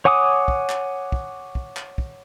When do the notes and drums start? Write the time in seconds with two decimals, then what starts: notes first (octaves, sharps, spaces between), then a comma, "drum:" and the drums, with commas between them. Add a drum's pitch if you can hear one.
0.05 C#5 F#5 G#5 D6 D#6
0.48 drum: kick
0.69 drum: clap
1.12 drum: kick
1.55 drum: kick
1.77 drum: clap
1.98 drum: kick